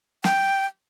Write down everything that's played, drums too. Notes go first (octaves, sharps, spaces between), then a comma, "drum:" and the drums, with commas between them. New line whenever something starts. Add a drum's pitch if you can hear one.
G5, drum: snare